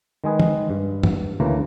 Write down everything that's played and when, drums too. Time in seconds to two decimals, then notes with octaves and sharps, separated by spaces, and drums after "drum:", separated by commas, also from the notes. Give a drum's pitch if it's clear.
0.24 D#3 G#3 G#4 B4
0.40 drum: tom
0.70 G2
1.03 drum: tom
1.40 D2 C#3 E3 A#3 A#5